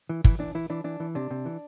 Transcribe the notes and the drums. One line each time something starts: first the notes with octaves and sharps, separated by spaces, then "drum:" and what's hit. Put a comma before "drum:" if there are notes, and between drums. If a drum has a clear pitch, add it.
E3
E3 E4, drum: kick
E3 D4
E3 E4
E3 D4
E3 D4
E3
C3 D4
C3
E3